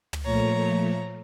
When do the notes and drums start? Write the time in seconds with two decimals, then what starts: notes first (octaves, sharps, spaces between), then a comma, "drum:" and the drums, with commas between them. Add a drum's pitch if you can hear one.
0.13 drum: tom
0.24 A#2 F3 A3 C#5 A#5